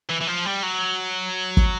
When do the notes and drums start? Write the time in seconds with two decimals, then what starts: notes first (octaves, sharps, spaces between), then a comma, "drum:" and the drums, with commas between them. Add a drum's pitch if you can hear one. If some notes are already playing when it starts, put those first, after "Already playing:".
0.09 E3
0.21 E3
0.27 F3
0.45 G3
0.63 F#3
1.57 drum: kick